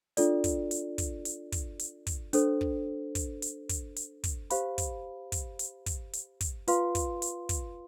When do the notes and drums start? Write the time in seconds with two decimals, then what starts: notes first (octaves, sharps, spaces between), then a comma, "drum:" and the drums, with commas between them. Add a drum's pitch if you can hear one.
0.17 D4 F4 A4 D5, drum: hi-hat
0.44 drum: kick, hi-hat
0.71 drum: hi-hat
0.98 drum: kick, hi-hat
1.25 drum: hi-hat
1.52 drum: kick, hi-hat
1.79 drum: hi-hat
2.07 drum: kick, hi-hat
2.33 D4 A4 C5, drum: hi-hat
2.61 drum: kick
3.15 drum: kick, hi-hat
3.42 drum: hi-hat
3.69 drum: kick, hi-hat
3.96 drum: hi-hat
4.24 drum: kick, hi-hat
4.50 G4 C5 F5 B5, drum: hi-hat
4.78 drum: kick, hi-hat
5.32 drum: kick, hi-hat
5.59 drum: hi-hat
5.86 drum: kick, hi-hat
6.13 drum: hi-hat
6.41 drum: kick, hi-hat
6.68 F4 B4 F5 C6, drum: hi-hat
6.95 drum: kick, hi-hat
7.22 drum: hi-hat
7.49 drum: kick, hi-hat